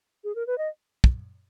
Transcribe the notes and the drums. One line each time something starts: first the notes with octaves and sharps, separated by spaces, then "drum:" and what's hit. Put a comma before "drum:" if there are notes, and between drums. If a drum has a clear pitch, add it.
G#4
A#4
B4
D#5
drum: kick